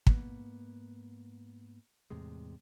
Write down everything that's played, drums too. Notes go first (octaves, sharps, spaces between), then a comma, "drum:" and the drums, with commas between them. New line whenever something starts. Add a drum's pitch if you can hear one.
G#2 A#3 B3, drum: kick
E2 A2 C3 G#3